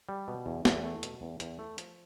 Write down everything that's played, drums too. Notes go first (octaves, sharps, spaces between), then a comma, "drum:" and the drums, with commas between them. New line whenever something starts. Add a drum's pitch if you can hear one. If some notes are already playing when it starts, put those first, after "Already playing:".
G3
B2
E2
E2, drum: snare
A3
B2, drum: hi-hat
E2
E2, drum: hi-hat
A3
F3, drum: hi-hat